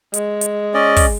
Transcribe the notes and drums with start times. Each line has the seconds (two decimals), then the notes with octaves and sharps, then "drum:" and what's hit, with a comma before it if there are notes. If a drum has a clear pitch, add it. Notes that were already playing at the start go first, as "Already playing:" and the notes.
0.14 G#3, drum: hi-hat
0.41 drum: hi-hat
0.74 C#4 D5 D#5
0.96 drum: kick, open hi-hat